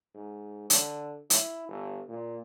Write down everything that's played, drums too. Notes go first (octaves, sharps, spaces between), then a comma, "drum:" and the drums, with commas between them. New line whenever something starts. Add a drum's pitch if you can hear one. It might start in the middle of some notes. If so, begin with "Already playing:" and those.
G#2
D3, drum: hi-hat
E4, drum: hi-hat
G1
A#2